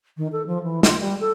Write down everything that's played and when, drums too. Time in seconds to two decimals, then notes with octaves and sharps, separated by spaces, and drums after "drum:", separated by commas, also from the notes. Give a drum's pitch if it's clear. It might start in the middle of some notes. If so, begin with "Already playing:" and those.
0.17 D#3
0.32 A4
0.47 F3
0.63 E3
0.83 F4, drum: snare
1.00 G3
1.20 A4